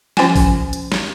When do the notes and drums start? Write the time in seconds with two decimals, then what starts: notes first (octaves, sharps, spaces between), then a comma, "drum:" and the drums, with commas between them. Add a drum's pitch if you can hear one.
0.17 F3 C#4 F4 G5 G#5, drum: snare
0.36 drum: kick A1, open hi-hat
0.73 drum: hi-hat
0.92 drum: snare